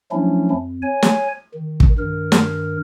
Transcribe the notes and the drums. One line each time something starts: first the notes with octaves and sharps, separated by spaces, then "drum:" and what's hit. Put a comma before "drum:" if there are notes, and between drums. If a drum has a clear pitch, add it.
F3 F#3 A3 C#4 D4 E4
F2
C#5 G#5
drum: snare
D#3
drum: kick
G2 D#3 A#4
drum: snare